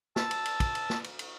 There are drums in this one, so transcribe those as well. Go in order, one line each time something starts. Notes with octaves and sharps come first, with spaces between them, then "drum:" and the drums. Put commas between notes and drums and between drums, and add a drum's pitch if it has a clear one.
A5 E6, drum: snare
drum: cymbal
drum: cymbal
drum: kick, cymbal
drum: cymbal
drum: snare
drum: cymbal
drum: cymbal